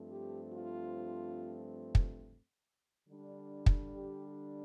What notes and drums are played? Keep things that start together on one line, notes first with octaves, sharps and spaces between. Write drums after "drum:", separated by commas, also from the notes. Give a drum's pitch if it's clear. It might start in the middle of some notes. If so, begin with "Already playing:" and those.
Already playing: G2 F3 A3 C4
G4
F4
drum: kick
D3 G3 D4
drum: kick
G4